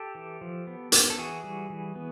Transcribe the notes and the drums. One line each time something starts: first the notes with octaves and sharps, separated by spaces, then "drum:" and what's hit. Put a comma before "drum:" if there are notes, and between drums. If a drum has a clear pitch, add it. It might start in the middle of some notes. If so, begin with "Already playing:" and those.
Already playing: G4 A4
E3
F3
B3
B3, drum: hi-hat
A4
E3 F#4 G#4
G3
E3
B3